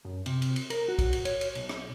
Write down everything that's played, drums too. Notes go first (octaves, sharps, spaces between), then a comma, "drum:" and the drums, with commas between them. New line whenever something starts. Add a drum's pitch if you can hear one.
F#2
C3, drum: cymbal
drum: cymbal
drum: cymbal
A#4, drum: cymbal
F#4
drum: kick, cymbal
drum: cymbal
C#5, drum: cymbal
drum: cymbal
B1, drum: cymbal
drum: rim click